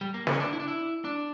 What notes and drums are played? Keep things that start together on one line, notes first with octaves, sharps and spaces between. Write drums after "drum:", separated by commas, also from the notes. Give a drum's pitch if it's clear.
G3
A#3
C#4, drum: snare
D4
E4
D4
E4
D4